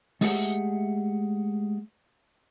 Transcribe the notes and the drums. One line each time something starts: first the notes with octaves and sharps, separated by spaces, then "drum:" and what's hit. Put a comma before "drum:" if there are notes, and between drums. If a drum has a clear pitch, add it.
G#3 A3 G4 G#4 E5 F#5, drum: open hi-hat